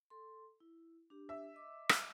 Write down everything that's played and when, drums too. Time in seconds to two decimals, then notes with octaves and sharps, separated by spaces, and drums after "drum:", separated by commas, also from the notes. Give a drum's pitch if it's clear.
0.10 A4 C6
0.60 E4
1.10 D4 G4
1.29 E5
1.54 D#5 D6
1.89 drum: rim click